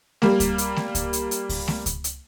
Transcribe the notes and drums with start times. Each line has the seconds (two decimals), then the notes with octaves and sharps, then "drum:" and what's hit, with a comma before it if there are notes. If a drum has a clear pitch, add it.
0.22 G3 A#3, drum: snare A3
0.40 drum: kick C#2, hi-hat
0.58 drum: hi-hat
0.76 drum: snare A3
0.95 drum: kick C#2, hi-hat
1.13 drum: hi-hat
1.31 drum: hi-hat
1.49 drum: kick C#2, open hi-hat
1.68 drum: snare A3
1.86 drum: kick C#2, hi-hat
2.04 drum: hi-hat